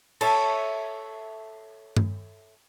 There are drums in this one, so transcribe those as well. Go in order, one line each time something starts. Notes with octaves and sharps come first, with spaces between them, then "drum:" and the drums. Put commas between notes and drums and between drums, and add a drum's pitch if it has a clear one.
A4 C#5 E5, drum: cymbal
drum: tom G2